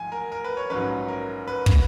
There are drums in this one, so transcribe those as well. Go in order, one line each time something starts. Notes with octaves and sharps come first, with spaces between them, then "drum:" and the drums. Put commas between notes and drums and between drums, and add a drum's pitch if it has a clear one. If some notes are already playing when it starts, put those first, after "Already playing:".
Already playing: G#2 F3 G#5
A#4
A#4
B4
C#5
A#1 G#2 F#3 C#4 B4
A#4
B4
drum: kick